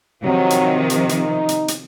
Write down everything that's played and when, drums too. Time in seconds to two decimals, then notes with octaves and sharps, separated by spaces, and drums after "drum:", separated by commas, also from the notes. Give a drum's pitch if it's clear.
0.25 C3 D#3 F3 F#3
0.50 drum: hi-hat
0.90 drum: hi-hat
1.09 D#4, drum: hi-hat
1.49 drum: hi-hat
1.68 drum: hi-hat